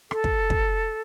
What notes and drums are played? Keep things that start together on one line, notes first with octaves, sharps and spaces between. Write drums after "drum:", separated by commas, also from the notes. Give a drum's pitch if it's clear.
A4, drum: rim click
drum: kick
drum: kick